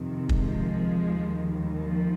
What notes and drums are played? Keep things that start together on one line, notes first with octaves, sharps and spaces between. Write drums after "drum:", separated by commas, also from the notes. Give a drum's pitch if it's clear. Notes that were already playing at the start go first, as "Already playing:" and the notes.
Already playing: F2 C3 D#3
F3 G#3, drum: kick
D#2 D#3
F3